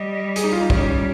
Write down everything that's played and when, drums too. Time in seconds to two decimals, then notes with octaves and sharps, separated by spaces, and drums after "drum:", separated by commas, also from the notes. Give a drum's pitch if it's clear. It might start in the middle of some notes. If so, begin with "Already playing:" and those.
Already playing: G3 D#5
0.36 G#4, drum: hi-hat
0.44 D#4
0.53 F4
0.61 D#4
0.70 G3 C#4, drum: kick